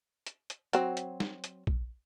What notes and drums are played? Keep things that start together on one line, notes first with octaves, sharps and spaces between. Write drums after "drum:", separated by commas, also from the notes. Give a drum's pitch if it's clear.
drum: hi-hat
drum: hi-hat
F#3 C4, drum: hi-hat
drum: hi-hat
drum: snare
drum: hi-hat
drum: kick A#1